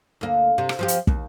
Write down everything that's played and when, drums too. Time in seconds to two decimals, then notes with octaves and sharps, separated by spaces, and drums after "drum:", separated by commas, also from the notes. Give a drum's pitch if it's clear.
0.21 D2 A#3
0.58 C3
0.69 drum: rim click
0.79 F3 C4 G4
0.88 drum: hi-hat
1.07 D#2, drum: kick